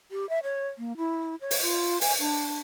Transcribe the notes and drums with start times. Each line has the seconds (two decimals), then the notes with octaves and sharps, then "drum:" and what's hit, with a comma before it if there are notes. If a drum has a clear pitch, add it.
0.11 G4
0.29 E5
0.43 C#5
0.78 A#3
0.97 E4
1.41 C#5
1.51 drum: open hi-hat
1.62 F4
2.01 G#5, drum: open hi-hat
2.19 D4